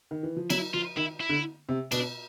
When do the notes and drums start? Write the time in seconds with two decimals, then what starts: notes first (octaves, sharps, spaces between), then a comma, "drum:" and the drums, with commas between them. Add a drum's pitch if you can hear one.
0.11 D#3
0.23 E3
0.37 F3
0.50 F#3 E4, drum: cymbal
0.74 F3 F4
0.97 D#3 E4
1.20 E4
1.29 D3
1.69 C3
1.92 B2 D4, drum: cymbal